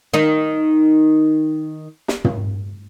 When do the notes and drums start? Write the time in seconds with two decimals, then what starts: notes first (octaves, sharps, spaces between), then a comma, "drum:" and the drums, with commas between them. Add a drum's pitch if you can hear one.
0.14 D#3 D#4
2.08 drum: snare
2.24 drum: tom